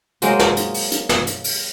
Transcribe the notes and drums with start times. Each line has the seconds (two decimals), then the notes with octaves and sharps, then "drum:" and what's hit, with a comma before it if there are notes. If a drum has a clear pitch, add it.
0.22 F#3 G#3 A#3 C5, drum: hi-hat
0.39 drum: snare
0.57 drum: hi-hat
0.74 drum: open hi-hat
0.92 drum: hi-hat
1.09 drum: snare
1.27 drum: hi-hat
1.44 drum: open hi-hat